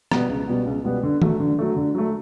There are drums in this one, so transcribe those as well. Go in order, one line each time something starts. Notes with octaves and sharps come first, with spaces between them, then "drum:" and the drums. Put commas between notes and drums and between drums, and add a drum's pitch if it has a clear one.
B2 G3 B3, drum: rim click
C#2
B2 G3 B3
C#2
B2 G3 B3
D3
F#3 A3, drum: tom D#3
D3
F#3 A3
D3
F#3 A3